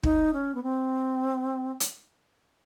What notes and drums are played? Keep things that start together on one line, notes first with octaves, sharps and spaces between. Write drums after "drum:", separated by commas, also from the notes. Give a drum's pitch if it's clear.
D#4, drum: kick
C#4
B3
C4
drum: hi-hat